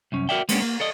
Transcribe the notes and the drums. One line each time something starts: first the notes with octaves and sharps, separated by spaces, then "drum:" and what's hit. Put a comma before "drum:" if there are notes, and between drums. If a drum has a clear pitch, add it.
C2 F#2 C#4
F#4 A#4 C#5 D5 E5 G5
G#3 A#3 B3 C#4 D4 G4, drum: cymbal
A#3
A4 D5 D#5